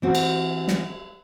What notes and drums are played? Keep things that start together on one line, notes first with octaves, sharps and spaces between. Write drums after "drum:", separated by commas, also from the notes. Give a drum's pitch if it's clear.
E3 C4 F#4
drum: cymbal
drum: snare